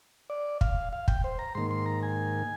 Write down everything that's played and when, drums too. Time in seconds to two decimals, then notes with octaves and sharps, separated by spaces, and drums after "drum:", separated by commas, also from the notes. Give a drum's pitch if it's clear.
0.30 D5
0.61 F5, drum: kick
0.93 F5
1.08 G5, drum: kick
1.24 C5
1.39 A#5
1.55 G#2 D#3 A#3 C6
1.71 C6
1.86 A#5
2.03 G#5